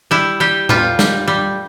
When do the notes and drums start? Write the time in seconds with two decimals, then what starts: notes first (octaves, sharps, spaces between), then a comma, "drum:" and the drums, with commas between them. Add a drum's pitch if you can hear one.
0.11 G3 E4
0.40 G3 G4
0.69 G3 F4, drum: tom A2
0.99 G3, drum: snare
1.28 G3